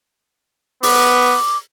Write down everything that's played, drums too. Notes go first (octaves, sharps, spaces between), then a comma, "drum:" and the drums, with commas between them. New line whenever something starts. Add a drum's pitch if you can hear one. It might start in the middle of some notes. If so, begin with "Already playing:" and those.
B3 D6, drum: open hi-hat